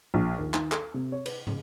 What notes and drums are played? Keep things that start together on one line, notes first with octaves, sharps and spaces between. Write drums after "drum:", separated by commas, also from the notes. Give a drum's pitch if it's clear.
A#1
D#2
D#3, drum: clap
A4, drum: clap
C3
C#5
B4, drum: cymbal
C#3, drum: tom